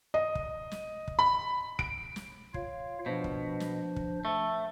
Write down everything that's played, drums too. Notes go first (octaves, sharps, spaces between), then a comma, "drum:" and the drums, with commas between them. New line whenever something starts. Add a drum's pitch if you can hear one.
D#5
drum: kick
drum: snare
drum: kick
B5
D7, drum: kick
drum: snare
F4 C#5 F5, drum: kick
B2 F3 D4 C5
drum: kick
drum: snare
drum: kick
A3